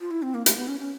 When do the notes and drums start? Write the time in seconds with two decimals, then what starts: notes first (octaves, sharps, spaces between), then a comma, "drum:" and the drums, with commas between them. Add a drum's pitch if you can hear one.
0.01 F4
0.11 E4
0.22 C4
0.34 A#3
0.46 A3, drum: hi-hat
0.57 B3
0.68 C#4
0.80 C#4